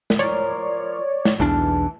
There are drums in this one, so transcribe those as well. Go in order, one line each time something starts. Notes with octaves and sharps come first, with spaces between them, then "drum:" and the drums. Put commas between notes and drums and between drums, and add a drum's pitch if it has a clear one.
drum: snare
F3 A#4 C#5 D5
drum: snare
B1 E2 E3 D4 A5 F6